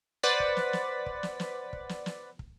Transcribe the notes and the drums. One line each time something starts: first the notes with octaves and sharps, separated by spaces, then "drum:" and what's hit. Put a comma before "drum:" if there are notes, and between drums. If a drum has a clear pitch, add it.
B4 C5 D5 F#5 A6 B6
drum: kick
drum: snare
drum: snare
drum: kick
drum: snare
drum: snare
drum: kick
drum: snare
drum: snare
drum: kick